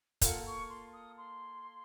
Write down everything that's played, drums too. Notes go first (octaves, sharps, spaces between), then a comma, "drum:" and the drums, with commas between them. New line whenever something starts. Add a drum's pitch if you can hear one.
A#3 F4 A4 F#5, drum: kick, hi-hat
C#6
C6
D#6
C6